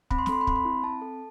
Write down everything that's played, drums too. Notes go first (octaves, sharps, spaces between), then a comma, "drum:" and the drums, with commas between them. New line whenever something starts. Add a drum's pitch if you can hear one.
C4 B5, drum: kick
C6
B5, drum: snare
A4 C6
B5
C4 C6, drum: kick
B5
E4
C4 A5
A4